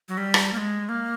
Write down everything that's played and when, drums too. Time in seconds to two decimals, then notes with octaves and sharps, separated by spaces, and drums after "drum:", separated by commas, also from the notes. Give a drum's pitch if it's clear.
0.08 F#3
0.17 G3
0.34 drum: rim click
0.53 A#3
0.57 G#3
0.89 A#3